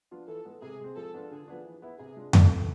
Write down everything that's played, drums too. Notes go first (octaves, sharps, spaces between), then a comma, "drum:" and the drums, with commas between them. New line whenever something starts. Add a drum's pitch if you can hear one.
F3 B3 D4 F4
E3 A4
G#3 B3
C3 G#4
G#3 C4
F3 A4
B3 D4 F4
D3 G#4
F3 B3 D4
E3
B3 E4
C3 G#4
G#3 D4 F4
B2 A4, drum: tom F2
B3 F4